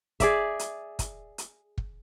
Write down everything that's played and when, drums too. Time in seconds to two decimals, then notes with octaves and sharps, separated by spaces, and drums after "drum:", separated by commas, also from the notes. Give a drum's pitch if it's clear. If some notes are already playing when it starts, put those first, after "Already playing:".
0.20 G#4 D5 E5, drum: kick, hi-hat
0.59 drum: hi-hat
0.99 drum: kick, hi-hat
1.38 drum: hi-hat
1.78 drum: kick